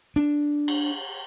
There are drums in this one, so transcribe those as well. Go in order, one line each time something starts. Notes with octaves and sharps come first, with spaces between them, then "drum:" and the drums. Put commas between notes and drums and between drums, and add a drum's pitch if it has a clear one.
D4
drum: cymbal